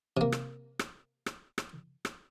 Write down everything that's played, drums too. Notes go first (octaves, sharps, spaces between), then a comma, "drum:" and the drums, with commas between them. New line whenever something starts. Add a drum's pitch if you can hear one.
C3 A#3
drum: rim click
drum: rim click
drum: rim click
drum: rim click
drum: rim click